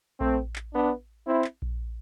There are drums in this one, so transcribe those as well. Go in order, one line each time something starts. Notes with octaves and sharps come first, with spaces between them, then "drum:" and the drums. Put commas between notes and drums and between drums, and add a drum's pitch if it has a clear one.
A3 C4, drum: kick A#1
drum: clap
B3 D4
C4 E4
drum: clap
drum: kick A#1